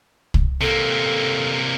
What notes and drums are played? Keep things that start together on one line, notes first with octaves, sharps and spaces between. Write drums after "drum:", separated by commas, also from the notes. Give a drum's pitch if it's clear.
drum: kick
C3 A#3 A4